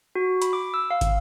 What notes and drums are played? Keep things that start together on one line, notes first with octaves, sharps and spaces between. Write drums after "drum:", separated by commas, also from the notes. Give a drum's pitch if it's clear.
F#4
B5, drum: hi-hat
D6
E6
F5
drum: kick, hi-hat